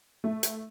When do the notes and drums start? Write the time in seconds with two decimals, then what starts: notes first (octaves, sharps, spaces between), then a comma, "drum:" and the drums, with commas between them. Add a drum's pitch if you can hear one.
0.24 A3
0.43 drum: hi-hat